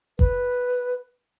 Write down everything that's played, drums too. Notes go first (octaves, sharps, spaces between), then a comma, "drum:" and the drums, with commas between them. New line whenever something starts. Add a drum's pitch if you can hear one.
B4, drum: kick F#1